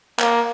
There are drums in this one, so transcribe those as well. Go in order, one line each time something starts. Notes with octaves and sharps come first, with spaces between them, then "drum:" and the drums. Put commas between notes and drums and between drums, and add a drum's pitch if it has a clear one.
A#3, drum: clap